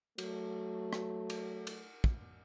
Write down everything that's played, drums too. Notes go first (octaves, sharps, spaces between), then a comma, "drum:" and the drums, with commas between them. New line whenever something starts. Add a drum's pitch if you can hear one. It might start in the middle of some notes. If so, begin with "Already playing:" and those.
F#3 A3, drum: cymbal
drum: rim click
drum: cymbal
drum: cymbal
drum: kick